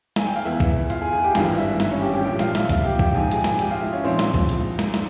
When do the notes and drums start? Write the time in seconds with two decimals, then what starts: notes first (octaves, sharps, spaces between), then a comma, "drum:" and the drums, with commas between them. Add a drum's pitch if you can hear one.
0.16 G#5, drum: snare
0.26 G5
0.36 F5
0.45 E2 E3 E4 E5
0.60 drum: kick
0.90 F4 F5, drum: hi-hat
1.01 G#4 G#5
1.12 G#4 G#5
1.23 G4 G5
1.35 G#1 G2 E3 F4 F5, drum: snare
1.58 E4 E5
1.80 drum: snare
1.91 C#4 C#5
2.02 G4 G5
2.13 G4 G5
2.24 A#1 A#2 F3 G4 G5
2.39 F4 F5, drum: snare
2.55 E4 E5, drum: snare
2.69 F4 F5, drum: kick, hi-hat
2.84 G4 G5
2.99 G4 G5, drum: kick
3.14 A#1 G#2 F3 G#5
3.23 G5
3.31 G#4 G#5, drum: hi-hat
3.44 drum: snare
3.59 G4 G5, drum: hi-hat
3.70 F4 F5
3.81 E4 E5
3.93 C#4 C#5
4.04 A#1 G#2 F3 C4 C5
4.19 drum: snare
4.34 drum: kick
4.49 drum: hi-hat
4.79 drum: snare
4.94 drum: snare